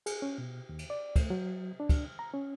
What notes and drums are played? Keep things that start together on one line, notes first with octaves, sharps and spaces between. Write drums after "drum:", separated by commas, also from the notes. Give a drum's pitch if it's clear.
G#4, drum: cymbal
C#4
B2
D#2
drum: cymbal
D5
A3, drum: kick, cymbal
F#3
D4
drum: kick, cymbal
A#5
C#4